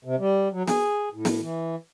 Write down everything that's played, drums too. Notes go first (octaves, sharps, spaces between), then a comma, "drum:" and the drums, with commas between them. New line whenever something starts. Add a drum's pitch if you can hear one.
C3
G3
F#3
G#4, drum: snare
A2
drum: snare
E3